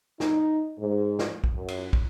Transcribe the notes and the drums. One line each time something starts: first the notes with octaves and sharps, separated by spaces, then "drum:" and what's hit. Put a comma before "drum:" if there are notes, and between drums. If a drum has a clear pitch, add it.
D#4, drum: snare
G#2
drum: snare
drum: kick
F#2
drum: cymbal
drum: kick